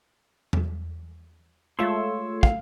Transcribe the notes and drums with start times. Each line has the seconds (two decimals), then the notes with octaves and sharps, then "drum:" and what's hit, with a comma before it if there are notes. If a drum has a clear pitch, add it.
0.53 drum: tom E2
1.79 G#3 A3 F4 C#5 C6 E6
2.43 F5, drum: kick